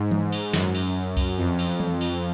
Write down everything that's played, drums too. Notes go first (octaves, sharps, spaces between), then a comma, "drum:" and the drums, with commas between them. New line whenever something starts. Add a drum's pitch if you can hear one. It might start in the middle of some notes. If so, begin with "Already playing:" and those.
Already playing: G#2
drum: tom E3
drum: cymbal
F#2, drum: snare
drum: cymbal
drum: kick C2, cymbal
F2
drum: cymbal
drum: tom E3
drum: cymbal